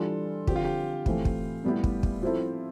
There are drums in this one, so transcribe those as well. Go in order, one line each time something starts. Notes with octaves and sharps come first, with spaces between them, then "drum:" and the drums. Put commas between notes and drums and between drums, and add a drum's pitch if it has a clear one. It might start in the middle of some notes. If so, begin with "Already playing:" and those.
Already playing: E3 G3 D4 F4 A4
D3 F3 C4 G4, drum: kick
F4
G4
A2 E3 A3 C4 E4, drum: kick
drum: kick
A2 G3 B3 E4 G4
drum: kick
drum: kick
F3 C4 E4 A4